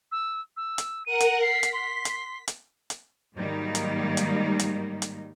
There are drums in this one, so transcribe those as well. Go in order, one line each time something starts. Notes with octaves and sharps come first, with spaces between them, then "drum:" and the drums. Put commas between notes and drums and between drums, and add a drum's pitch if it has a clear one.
E6
E6
drum: hi-hat
A#4 F#5 D#7
drum: hi-hat
B6 C7
drum: hi-hat
C6
drum: hi-hat
drum: hi-hat
drum: hi-hat
G#2 D#3 F#3 G3 A#3 D#4
drum: hi-hat
drum: hi-hat
drum: hi-hat
drum: hi-hat